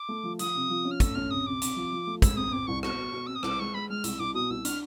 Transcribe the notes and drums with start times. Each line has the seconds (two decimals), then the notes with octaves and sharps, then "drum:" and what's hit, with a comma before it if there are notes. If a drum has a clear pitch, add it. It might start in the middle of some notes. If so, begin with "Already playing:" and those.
Already playing: D6
0.09 A3
0.24 F3
0.39 F3 D#6, drum: hi-hat
0.55 C3
0.69 F3
0.85 C#4
0.91 F6
1.00 A3 E6, drum: kick, hi-hat
1.15 C#4 F6
1.30 C3 D#6
1.46 C3 D6
1.62 C3, drum: hi-hat
1.76 F3
1.92 F3
2.07 A3
2.22 G#3 E6, drum: kick, hi-hat
2.37 C4 D#6
2.52 C4 D6
2.67 C2 C#6
2.83 B2 C#6, drum: rim click
2.98 B2
3.13 B2
3.27 C4 E6
3.35 D#6
3.43 C2 D6, drum: rim click
3.59 G#3 C#6
3.74 G#3 B5
3.89 G#3 F6
4.04 C2 E6, drum: hi-hat
4.19 C2 D6
4.34 B2 D#6
4.50 C2 E6
4.65 D4 F6, drum: hi-hat